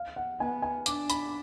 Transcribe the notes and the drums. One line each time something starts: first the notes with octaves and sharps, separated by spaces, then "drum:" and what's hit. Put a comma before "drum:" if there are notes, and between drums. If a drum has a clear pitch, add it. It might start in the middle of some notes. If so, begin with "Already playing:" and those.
Already playing: F5
F#5
B3 G#5
G#5
D4 D6, drum: hi-hat
B5, drum: hi-hat